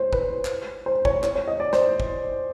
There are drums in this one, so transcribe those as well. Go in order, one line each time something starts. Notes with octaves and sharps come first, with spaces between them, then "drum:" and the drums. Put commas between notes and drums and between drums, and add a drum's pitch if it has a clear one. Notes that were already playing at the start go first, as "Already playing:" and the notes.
Already playing: C5 C#5
B4, drum: kick
drum: clap
C5
C#5, drum: kick
C#5, drum: clap
C#5
D#5
D5
C5, drum: snare
drum: kick